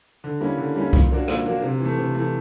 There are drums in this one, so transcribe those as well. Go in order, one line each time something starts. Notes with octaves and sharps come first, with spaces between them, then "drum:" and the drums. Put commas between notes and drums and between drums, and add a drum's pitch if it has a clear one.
D3
G3 A#3 C#4 E4
D3
G3 A#3 C#4 E4
A#2, drum: kick C2
F#3 A#3 D4 F#4
A#2, drum: rim click
F#3 A#3 D4 F#4
C3
E3 A3
C3
E3 A3